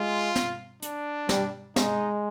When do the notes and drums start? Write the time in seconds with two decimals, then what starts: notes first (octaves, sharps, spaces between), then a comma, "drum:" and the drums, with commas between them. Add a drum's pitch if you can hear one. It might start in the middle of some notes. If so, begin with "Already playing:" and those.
Already playing: G#3 F4
0.36 drum: snare
0.82 D4, drum: hi-hat
1.29 G3, drum: snare
1.76 G#3 D#4, drum: snare